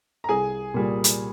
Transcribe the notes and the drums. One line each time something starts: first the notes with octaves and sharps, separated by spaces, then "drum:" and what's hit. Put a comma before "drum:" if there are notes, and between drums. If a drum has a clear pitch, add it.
A#5
C2 G#4 G#5
A#2 G3
drum: hi-hat